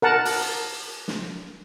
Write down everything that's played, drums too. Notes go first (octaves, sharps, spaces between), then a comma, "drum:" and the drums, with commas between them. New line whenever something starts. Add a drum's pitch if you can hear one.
A#4 F#5 A5
drum: open hi-hat
drum: snare